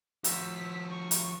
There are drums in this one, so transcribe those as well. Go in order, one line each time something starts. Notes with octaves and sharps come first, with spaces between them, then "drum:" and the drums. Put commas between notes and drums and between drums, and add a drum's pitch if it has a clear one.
F3 F#4 E6 B6, drum: hi-hat
C#6
drum: hi-hat